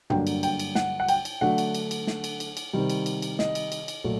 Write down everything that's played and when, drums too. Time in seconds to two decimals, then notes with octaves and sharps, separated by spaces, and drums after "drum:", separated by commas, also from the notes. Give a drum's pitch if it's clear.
0.10 G2 D3 F#3 A#3 D4 G5, drum: tom
0.27 drum: cymbal
0.43 G5, drum: cymbal
0.59 drum: cymbal
0.75 F#5, drum: snare
1.00 F#5
1.08 G5, drum: cymbal
1.25 drum: cymbal
1.41 D3 F#3 A3 D4 F#5
1.58 drum: cymbal
1.75 drum: cymbal
1.91 drum: cymbal
2.07 drum: snare
2.24 drum: cymbal
2.40 drum: cymbal
2.57 drum: cymbal
2.73 C3 D#3 G3
2.90 drum: cymbal
3.06 drum: cymbal
3.22 drum: cymbal
3.39 D#5, drum: snare
3.55 drum: cymbal
3.72 drum: cymbal
3.88 drum: cymbal
4.04 A#2 F#3 A3